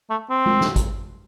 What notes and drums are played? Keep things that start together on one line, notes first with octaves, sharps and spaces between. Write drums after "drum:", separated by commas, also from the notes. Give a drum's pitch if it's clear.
A3
C4
drum: tom G#3
drum: snare
drum: kick, hi-hat